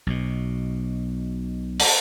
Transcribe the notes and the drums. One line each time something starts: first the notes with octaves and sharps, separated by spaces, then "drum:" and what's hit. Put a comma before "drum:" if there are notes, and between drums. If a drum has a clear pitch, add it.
B1 B2
drum: open hi-hat